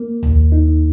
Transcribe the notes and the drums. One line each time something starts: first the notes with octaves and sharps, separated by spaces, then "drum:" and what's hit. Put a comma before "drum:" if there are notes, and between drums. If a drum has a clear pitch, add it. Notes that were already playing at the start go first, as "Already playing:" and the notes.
Already playing: A#3
D#2, drum: tom C2
D#4